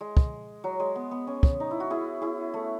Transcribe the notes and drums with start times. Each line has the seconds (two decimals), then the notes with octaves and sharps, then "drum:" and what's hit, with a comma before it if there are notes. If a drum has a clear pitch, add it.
0.01 G#3
0.17 drum: kick
0.64 F#3
0.80 G#3
0.95 B3
1.11 B3
1.27 C#4
1.43 drum: kick
1.60 D#4
1.71 E4
1.80 F#4
1.90 E4 G#4
2.22 E4 G#4
2.54 A3